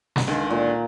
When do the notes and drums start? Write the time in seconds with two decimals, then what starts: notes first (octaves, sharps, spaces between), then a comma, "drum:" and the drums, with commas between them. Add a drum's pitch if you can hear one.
0.16 drum: snare
0.28 C#2 D3 D#3
0.50 A#2